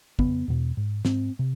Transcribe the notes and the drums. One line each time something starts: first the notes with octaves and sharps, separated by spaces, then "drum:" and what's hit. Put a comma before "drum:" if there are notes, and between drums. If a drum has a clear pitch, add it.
F2 C#3 B3, drum: kick
E2 B2
G#2
G#2 C4, drum: snare
C3